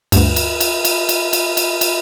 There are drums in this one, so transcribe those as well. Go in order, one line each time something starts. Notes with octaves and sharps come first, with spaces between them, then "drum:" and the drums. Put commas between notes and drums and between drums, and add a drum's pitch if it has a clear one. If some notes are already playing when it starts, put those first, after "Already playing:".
D2 G2, drum: cymbal
drum: cymbal
drum: cymbal
drum: cymbal
drum: cymbal
drum: cymbal
drum: cymbal
drum: cymbal